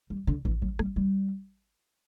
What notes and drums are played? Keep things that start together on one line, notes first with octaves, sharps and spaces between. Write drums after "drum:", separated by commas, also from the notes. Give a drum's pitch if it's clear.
G3
D3
E3, drum: kick A1
F#3
G3, drum: rim click
G3